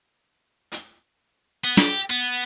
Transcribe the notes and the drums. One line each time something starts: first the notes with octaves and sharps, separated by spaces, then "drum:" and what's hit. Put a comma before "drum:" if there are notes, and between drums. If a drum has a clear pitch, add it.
drum: hi-hat
B3
G4, drum: snare
B3